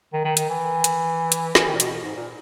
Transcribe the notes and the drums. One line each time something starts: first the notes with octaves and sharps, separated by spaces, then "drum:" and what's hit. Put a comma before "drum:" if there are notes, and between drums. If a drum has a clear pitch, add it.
D#3
D#3
D#3, drum: hi-hat
E3
drum: hi-hat
drum: hi-hat
E3, drum: snare
D#3
A#2
B2, drum: hi-hat
G#2
A#2